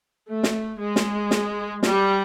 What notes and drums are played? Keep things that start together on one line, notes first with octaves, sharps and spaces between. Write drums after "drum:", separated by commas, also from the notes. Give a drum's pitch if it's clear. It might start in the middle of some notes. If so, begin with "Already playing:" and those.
A3
drum: snare
G#3
drum: snare
drum: snare
G3, drum: snare